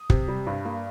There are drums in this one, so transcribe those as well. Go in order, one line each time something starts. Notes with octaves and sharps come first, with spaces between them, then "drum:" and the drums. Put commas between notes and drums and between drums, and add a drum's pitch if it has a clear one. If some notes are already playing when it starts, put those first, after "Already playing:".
Already playing: D#6
C3, drum: kick
G3
G2
A#3